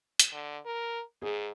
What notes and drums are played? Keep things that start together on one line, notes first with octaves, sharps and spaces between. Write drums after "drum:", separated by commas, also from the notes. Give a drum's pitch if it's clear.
drum: hi-hat
D3
A#4
G#2 G#4